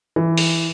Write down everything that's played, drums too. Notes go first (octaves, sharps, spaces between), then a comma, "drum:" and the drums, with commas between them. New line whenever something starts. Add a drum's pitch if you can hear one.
E3
drum: open hi-hat